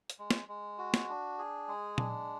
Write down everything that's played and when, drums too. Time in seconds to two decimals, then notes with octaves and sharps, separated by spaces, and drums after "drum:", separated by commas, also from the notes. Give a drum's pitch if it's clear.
0.10 drum: hi-hat
0.19 G#3
0.31 drum: snare
0.49 G#3
0.78 F#4
0.94 drum: snare
1.09 D4
1.38 G#4
1.68 G#3
1.98 D4, drum: tom A#2